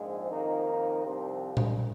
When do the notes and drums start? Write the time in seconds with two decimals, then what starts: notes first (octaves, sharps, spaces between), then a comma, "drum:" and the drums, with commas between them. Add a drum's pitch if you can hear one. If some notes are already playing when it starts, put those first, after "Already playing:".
Already playing: A#1 G#2 F3 G#3 C4
0.31 F2 D#3 A#3 D#4
0.69 D#4
1.05 C2 C3 F3 C4
1.57 drum: tom A#2